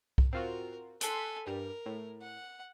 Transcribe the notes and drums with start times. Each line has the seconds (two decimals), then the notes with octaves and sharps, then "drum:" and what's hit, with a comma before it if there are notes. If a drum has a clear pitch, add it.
0.18 drum: kick C2
0.33 C4 F4 F#4 A#4
1.01 A4 G#5 C6 F#6 B6, drum: hi-hat
1.47 G2 G3 A#4
1.86 A2
2.21 F#5